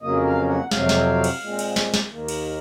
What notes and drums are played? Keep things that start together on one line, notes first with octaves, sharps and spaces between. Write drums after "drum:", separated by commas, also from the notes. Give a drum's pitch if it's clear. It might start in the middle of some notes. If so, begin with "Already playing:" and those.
F2 C#3 F#3 A#3 D#5
F5
F#5
F2 C3 F#3 C4 F5, drum: snare
drum: snare
drum: cymbal
A#2 G#3 C4
drum: cymbal
drum: snare
drum: snare
D#2 D#3 A#3
drum: cymbal